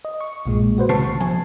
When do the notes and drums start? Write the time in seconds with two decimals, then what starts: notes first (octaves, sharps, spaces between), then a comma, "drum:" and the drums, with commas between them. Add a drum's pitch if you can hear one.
0.05 D#5
0.21 C#6
0.46 B1 G2 A#2 G#3
0.77 G#3 F#4 B4 C5
0.89 D#3 A5 C#6 C7, drum: tom C3
1.20 G#5 A5, drum: tom F3